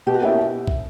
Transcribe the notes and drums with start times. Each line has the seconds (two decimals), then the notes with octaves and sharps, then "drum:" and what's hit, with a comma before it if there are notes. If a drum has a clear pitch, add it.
0.06 B2 G4
0.14 F#4
0.21 A#3 C#4 E4 G4
0.67 drum: kick